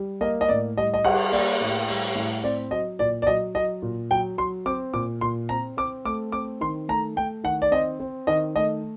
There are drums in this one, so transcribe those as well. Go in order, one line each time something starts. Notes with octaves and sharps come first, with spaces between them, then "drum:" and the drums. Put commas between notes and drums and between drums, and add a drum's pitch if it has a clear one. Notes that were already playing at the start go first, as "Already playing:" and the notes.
Already playing: G3
A#3 D#5
D#5
A2 D5
G3 D#5
D#5
G3 F#5, drum: cymbal
A#3 D5, drum: open hi-hat
A2
G3, drum: open hi-hat
A2
C4 D5
F#3 D#5
A#2 D5
D5
F#3 D#5
F#3 D#5
A#2
F#3 G5
F#3 C6
C4 D6
A#2 D6
A#2 C6
C4 A#5
C4 D6
A3 D6
C4 D6
D#3 C6
A3 A#5
A3 G5
D#3 F#5
D5
C4 D#5
C4
D#3 D#5
A3 D#5